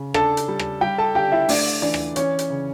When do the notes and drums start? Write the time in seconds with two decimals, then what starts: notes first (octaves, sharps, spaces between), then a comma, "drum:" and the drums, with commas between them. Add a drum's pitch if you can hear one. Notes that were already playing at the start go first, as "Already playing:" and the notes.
Already playing: C#3
0.14 D4 A4 A5, drum: rim click
0.37 drum: hi-hat
0.48 G3
0.59 drum: rim click
0.81 G3 G4 G5
0.98 A4 A5
1.15 D3 G4 G5
1.32 E4 E5
1.49 A3 D4 D5, drum: open hi-hat
1.82 E3 D4 D5
1.94 drum: rim click
2.16 E3 C#4 C#5, drum: hi-hat
2.39 drum: hi-hat
2.50 C#3